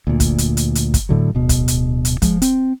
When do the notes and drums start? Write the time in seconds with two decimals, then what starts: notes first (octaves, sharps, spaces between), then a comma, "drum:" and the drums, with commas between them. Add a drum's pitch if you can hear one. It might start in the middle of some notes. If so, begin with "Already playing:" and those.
0.07 D2 A#2
0.20 drum: kick, hi-hat
0.38 drum: hi-hat
0.57 drum: hi-hat
0.75 drum: hi-hat
0.94 drum: kick, hi-hat
1.09 A2 D3 F#3
1.35 D1 B2
1.49 drum: kick, hi-hat
1.68 drum: hi-hat
2.05 drum: hi-hat
2.22 F3 G#3, drum: kick, hi-hat
2.42 C4, drum: hi-hat